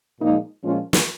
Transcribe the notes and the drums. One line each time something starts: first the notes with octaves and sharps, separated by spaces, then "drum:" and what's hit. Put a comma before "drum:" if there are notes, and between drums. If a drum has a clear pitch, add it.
A#2 F3 G#3 A#3 D#4
A#2 F3 G#3 C#4 F4
drum: snare